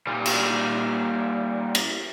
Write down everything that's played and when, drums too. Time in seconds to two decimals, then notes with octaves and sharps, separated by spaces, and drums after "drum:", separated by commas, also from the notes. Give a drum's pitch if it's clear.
0.07 A#2 G3
0.26 drum: cymbal
1.75 drum: cymbal